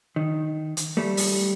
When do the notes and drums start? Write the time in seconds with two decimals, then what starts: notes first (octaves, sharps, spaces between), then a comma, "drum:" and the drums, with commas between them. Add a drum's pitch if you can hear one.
0.16 D#3
0.77 drum: hi-hat
0.97 G3 A3
1.17 drum: open hi-hat